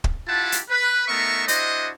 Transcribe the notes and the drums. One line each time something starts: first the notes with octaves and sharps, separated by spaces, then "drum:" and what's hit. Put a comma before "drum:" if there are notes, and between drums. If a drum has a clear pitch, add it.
drum: kick
E4 F4 G4 F#5 A5
drum: hi-hat
B4
A3 B3 D#4 A#4 E5 C#6
D4 E4 F#4 C5 D#5, drum: hi-hat